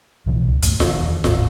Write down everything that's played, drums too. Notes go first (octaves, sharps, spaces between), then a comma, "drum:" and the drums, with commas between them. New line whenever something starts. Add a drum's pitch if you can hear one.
C2 B2 E3 F3
C#2
F2 G#2 B2 A3, drum: hi-hat
E1 F2 A2 D#3, drum: snare F4
E2
D1 G#1 B3, drum: snare F4